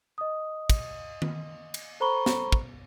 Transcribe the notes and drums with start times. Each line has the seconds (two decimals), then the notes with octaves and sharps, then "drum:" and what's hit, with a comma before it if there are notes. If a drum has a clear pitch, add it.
0.18 D#5 D#6
0.70 drum: kick, cymbal
1.22 drum: tom D#3
1.74 drum: cymbal
2.00 A4 C5 A#5 B5 C#6 G7
2.26 drum: snare
2.52 drum: kick